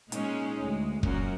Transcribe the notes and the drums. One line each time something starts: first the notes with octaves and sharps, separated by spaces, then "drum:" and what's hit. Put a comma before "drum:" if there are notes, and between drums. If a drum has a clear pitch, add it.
A#2 G#3 C#4 D#4 G#4, drum: hi-hat
D2 G#3
F#2 A#2 C#4 F#4 A#4, drum: kick